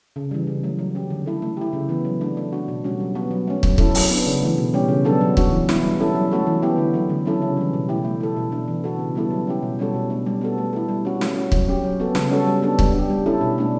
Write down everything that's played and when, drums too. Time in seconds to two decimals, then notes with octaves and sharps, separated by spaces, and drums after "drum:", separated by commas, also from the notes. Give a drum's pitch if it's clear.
0.16 C#3
0.31 E3 G3
0.47 C#3
0.63 F#3 A3
0.79 F#3
0.95 C#4 G4
1.10 D3
1.26 A3 E4 A4
1.42 A3
1.57 E4 G4
1.73 C#3
1.89 E3 B3
2.05 F#3
2.21 A3 D4
2.37 A3
2.53 D4 F#4
2.68 B2
2.84 G3 C#4 F#4
3.00 F#3
3.15 B3 F#4
3.31 F#3
3.48 A3 C#4
3.63 F#3, drum: kick
3.78 C#4 E4 A4, drum: kick
3.95 F#3, drum: open hi-hat
4.10 B3 D4
4.26 C#3
4.42 E3 A3
4.58 B2
4.74 G3 C#4 G4
4.89 C#3
5.05 F#3 B3 D4 A4
5.21 F#3
5.37 C#4 F#4, drum: kick
5.52 E3
5.69 B3 E4, drum: snare
5.84 G3
6.00 C#4 E4 A4
6.15 F#3
6.32 A3 C#4 F#4 A4
6.47 E3
6.62 B3 E4 G4
6.78 D3
6.94 F#3 A3
7.10 D3
7.26 F#3 C#4 E4 A4
7.42 C#3
7.57 E3 G3
7.73 B2
7.89 A3 E4 G4
8.05 A3
8.20 E4 A4
8.36 B2
8.52 A3 D4
8.68 E3
8.84 B3 F#4 A4
8.99 C#3
9.15 G3 B3 E4 A4
9.31 F#3
9.47 C#4 E4 G4
9.63 B2
9.79 G3 C#4 F#4 A4
9.94 B2
10.10 A3 D4
10.26 G3
10.41 B3 F#4 A4
10.58 A3
10.73 E4 A4
10.89 G3
11.05 C#4 F#4
11.21 A3, drum: snare
11.37 C#4 F#4
11.52 F#3, drum: kick
11.69 C#4 G4
11.84 F#3
12.00 B3 F#4 A4
12.15 C#3, drum: snare
12.31 G3 C#4 F#4 A4
12.47 G3
12.63 B3 D4 A4
12.79 G3, drum: kick
12.94 D4 G4
13.10 G3
13.26 C#4 E4 A4
13.41 B2
13.58 A3 D4